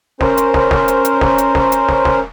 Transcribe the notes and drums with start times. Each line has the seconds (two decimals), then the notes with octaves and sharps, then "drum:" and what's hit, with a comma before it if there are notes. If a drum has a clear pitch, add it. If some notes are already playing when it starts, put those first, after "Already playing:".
0.21 C#4 A#4 C5, drum: snare
0.37 drum: hi-hat
0.54 drum: snare
0.71 drum: snare
0.88 drum: hi-hat
1.05 drum: hi-hat
1.21 drum: snare
1.38 drum: hi-hat
1.55 drum: snare
1.72 drum: hi-hat
1.89 drum: snare
2.05 drum: snare